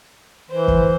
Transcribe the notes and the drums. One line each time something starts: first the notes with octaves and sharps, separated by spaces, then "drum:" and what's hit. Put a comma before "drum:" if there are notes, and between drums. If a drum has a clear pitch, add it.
E3 C5
drum: kick